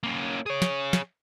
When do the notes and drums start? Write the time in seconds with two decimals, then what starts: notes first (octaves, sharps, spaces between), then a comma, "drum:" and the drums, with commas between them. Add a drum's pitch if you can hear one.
0.03 A#3 C#4
0.46 G#4 C#5
0.62 drum: snare
0.93 drum: snare